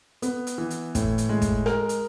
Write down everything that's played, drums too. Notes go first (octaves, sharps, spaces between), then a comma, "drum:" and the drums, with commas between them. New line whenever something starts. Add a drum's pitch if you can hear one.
B3, drum: hi-hat
drum: hi-hat
E3
drum: hi-hat
A2, drum: kick, hi-hat
drum: hi-hat
G#3
drum: kick, hi-hat
A#4, drum: rim click
drum: hi-hat